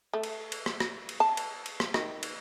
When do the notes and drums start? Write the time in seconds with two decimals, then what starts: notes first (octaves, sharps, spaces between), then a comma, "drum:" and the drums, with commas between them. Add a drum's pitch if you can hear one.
0.14 A3
0.24 drum: cymbal
0.52 drum: cymbal
0.66 drum: rim click
0.80 drum: rim click
1.09 drum: cymbal
1.20 A5
1.37 drum: cymbal
1.66 drum: cymbal
1.80 drum: rim click
1.94 D#3, drum: rim click
2.23 drum: cymbal